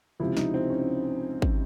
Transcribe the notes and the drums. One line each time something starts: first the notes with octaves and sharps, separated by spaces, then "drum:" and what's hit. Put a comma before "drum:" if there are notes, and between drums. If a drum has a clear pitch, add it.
C#2 C3 F3 E4
D#4, drum: snare
C4
C#4
drum: kick